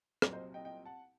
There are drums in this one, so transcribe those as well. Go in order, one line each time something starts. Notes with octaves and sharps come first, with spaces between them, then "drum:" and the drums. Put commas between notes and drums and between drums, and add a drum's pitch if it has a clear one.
C2 A#2 F#3 C4, drum: rim click
C5 D#5
D#5 G5
D#5 G5
F#5 A5